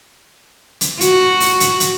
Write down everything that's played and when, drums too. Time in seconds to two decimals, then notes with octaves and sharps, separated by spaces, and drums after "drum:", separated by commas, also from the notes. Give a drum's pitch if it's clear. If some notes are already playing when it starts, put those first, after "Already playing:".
0.81 drum: hi-hat
1.01 F#4, drum: hi-hat
1.40 drum: open hi-hat
1.60 drum: hi-hat
1.80 drum: hi-hat